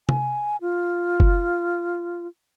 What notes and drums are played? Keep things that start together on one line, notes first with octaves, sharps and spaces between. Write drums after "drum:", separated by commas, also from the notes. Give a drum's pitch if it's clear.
G#5, drum: tom
F4
drum: kick F#1